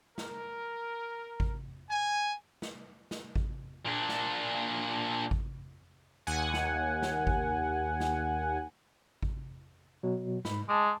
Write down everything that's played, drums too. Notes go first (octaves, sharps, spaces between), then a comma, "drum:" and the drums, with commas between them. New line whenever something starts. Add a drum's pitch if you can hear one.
A#4, drum: snare
drum: kick G#1
G#5
drum: snare
drum: snare
drum: kick G#1
A#2 D4
drum: snare
drum: kick G#1
D#2 F#5 G#5
drum: snare
drum: snare
drum: kick G#1
drum: snare
drum: kick G#1
B2 F#3
G#2 B5, drum: snare
G#3 A5 D6